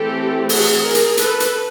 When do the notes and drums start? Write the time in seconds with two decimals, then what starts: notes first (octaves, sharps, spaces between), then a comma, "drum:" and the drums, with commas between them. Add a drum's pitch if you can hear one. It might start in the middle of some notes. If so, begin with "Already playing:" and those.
Already playing: E3 A3 C4 G4 A4
0.49 F#4 G#4, drum: open hi-hat
0.83 G#4 A#4
0.95 drum: hi-hat
1.17 A4 B4, drum: hi-hat
1.40 drum: hi-hat